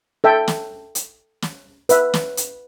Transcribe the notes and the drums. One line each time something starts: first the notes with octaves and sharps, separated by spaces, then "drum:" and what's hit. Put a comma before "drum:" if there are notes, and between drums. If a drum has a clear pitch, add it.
A4 E5 G5
drum: snare
drum: hi-hat
drum: snare
B4 E5, drum: hi-hat
drum: snare
drum: hi-hat